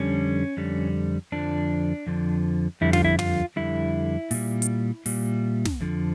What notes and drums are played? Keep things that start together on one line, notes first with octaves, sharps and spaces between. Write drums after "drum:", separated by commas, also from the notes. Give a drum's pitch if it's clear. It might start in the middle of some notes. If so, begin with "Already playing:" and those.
Already playing: F2 D3 G3 C#4
F2 D3 G3
F2 D3 F3 D4
F2 D3 F3
F2 D3 G3 E4
F4, drum: snare
E4
F4, drum: tom
F2 D3 G3 E4
A#2 G3, drum: open hi-hat
drum: hi-hat
A#2 G3, drum: open hi-hat
drum: snare
F2 D3 F3